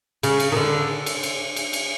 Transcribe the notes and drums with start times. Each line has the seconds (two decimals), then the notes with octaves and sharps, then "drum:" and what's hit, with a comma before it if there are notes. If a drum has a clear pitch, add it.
0.23 C#3, drum: cymbal
0.40 drum: cymbal
0.52 D#3
0.56 D3
1.06 drum: cymbal
1.23 drum: cymbal
1.56 drum: cymbal
1.73 drum: cymbal